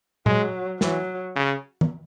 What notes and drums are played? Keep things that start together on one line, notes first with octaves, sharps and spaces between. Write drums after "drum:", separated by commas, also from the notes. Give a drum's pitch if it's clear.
F#3 G#3, drum: tom A#2
E3 F#3, drum: snare
C#3
drum: tom D#3